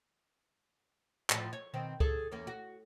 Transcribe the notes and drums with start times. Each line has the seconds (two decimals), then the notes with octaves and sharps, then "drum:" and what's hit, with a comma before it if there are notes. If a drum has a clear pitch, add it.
1.30 A2 F3, drum: clap
1.53 C#5
1.73 B2 D#3 C4
2.00 G#4 A4 C#5, drum: kick C#2
2.32 E2 A#3 C#4
2.47 F#4